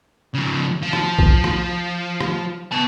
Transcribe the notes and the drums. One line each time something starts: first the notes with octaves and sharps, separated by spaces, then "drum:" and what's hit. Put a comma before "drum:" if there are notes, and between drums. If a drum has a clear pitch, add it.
C#3 F3
F3
drum: rim click
drum: kick
drum: rim click
drum: rim click
B3 A5